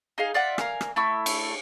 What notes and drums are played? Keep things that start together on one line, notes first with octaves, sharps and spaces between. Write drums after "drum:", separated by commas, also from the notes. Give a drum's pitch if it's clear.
D#4 G#4 F5
F4 D5 E5 F#5
A#4 F5 G#5, drum: rim click
drum: rim click
A3 E4 C#6 E6
drum: cymbal